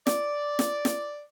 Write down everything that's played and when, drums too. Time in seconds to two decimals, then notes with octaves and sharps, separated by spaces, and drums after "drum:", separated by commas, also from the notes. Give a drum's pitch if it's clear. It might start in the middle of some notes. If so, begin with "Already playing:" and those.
0.07 D5, drum: snare
0.59 drum: snare
0.85 drum: snare